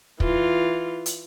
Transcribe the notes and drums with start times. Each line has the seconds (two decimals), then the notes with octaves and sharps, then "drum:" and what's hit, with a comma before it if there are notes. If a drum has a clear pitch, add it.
0.20 E3 F4, drum: kick
1.06 drum: hi-hat